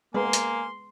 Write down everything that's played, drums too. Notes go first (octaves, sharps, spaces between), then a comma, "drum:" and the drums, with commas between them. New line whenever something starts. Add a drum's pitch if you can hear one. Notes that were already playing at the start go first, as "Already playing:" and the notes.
G#3 A#3 B3 G#5 C6
drum: hi-hat